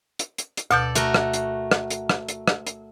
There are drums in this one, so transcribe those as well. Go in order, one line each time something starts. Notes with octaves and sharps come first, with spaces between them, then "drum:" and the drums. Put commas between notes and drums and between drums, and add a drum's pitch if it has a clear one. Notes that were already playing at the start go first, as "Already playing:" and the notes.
drum: hi-hat
drum: hi-hat
drum: hi-hat
D2 B2 A4 D5 G6
A3 F#4 A#4, drum: hi-hat
drum: rim click
drum: hi-hat
drum: rim click
drum: hi-hat
drum: rim click
drum: hi-hat
drum: rim click
drum: hi-hat